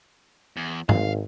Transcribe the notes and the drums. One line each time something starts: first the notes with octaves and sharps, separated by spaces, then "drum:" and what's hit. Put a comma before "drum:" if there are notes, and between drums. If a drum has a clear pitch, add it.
E2
G#1 F5, drum: tom G#2